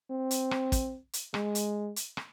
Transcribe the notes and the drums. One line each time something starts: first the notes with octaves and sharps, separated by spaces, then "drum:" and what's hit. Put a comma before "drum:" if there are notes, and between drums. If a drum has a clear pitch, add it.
C4
drum: hi-hat
drum: rim click
drum: kick, hi-hat
drum: hi-hat
G#3, drum: rim click
drum: hi-hat
drum: hi-hat
drum: rim click